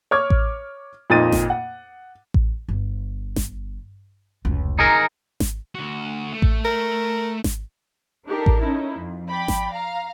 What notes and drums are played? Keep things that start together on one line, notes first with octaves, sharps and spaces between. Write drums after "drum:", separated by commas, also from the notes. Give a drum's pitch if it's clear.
C#5 C#6 D6 F6 G#6
drum: kick A1
F2 A#2 D#4 A6 D#7
drum: snare G#1
F#5
drum: kick A1
G1
drum: snare G#1
F1 C#2
D#4 G#4 A#4
drum: snare G#1
D2 F#4
A3
drum: kick A1
A#4
drum: snare G#1
D4 D#4 G4 A4 A#4
drum: kick A1
C#4 D#4 E4
F2
D5 G5 B5
drum: snare G#1
F5 A#5